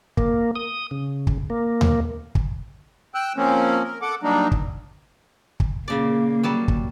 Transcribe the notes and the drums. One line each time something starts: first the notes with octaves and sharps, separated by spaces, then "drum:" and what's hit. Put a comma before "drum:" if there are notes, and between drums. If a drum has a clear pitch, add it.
A#3, drum: kick
D#6
C#3
drum: kick
A#3
drum: tom D#2
drum: kick
G5 E6 F#6
F3 A#3 C4 C#4
A#4
A4 F#5 D6
F#3 G3 A#3 D4 D#4
drum: kick
drum: kick
A#2 C#3 A#3 D5
F#3 G3 A5
drum: kick